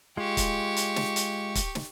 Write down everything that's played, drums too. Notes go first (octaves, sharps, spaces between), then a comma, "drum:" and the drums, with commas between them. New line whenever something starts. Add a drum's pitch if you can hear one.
G#3 F4 G4 C#6
drum: kick, hi-hat
drum: hi-hat
drum: snare
drum: hi-hat
drum: kick, hi-hat
drum: snare